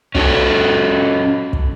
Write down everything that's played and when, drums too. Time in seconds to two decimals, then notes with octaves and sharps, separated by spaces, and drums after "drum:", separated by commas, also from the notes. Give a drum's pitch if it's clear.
0.15 C#4 F#4 A4, drum: kick
1.53 drum: kick